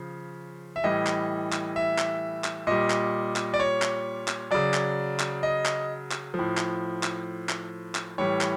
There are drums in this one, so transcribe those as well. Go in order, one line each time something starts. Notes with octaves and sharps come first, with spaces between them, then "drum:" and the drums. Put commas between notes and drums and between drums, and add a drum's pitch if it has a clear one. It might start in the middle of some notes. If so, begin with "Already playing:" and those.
Already playing: C#3 F3
E5
A2 E3 G3 D#5
drum: clap
drum: clap
E5
drum: clap
drum: clap
A#2 G3 D#5
drum: clap
drum: clap
D5
C#5
drum: clap
drum: clap
C#3 F#3 D5
drum: clap
drum: clap
D#5
drum: clap
drum: clap
F3
A2
drum: clap
drum: clap
drum: clap
drum: clap
A2 E3 G3 C#5
drum: clap